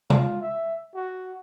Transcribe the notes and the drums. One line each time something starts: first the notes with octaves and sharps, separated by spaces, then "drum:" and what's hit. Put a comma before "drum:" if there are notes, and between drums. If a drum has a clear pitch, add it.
F4, drum: tom C3
E5
F#4